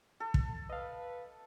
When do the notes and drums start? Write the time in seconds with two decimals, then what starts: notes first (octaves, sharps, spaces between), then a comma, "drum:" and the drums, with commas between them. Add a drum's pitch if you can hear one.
0.20 A4
0.34 drum: kick
0.70 B4 D#5 F5